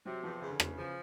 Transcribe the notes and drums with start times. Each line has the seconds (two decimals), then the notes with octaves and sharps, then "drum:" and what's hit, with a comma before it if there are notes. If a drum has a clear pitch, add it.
0.06 C3 F#3
0.23 E2 F3
0.41 E2 C#3
0.50 D3
0.60 E2 C#3, drum: rim click
0.78 C#3 F3